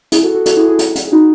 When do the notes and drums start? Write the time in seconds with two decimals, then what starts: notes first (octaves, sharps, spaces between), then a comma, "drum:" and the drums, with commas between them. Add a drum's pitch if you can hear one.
0.12 E4 G#4, drum: hi-hat
0.23 F#4 A4
0.35 F#4 A4
0.46 F#4 A4, drum: hi-hat
0.57 E4 G#4
0.68 E4 G#4
0.79 drum: hi-hat
0.96 drum: hi-hat
1.05 G#4
1.12 D#4 F#4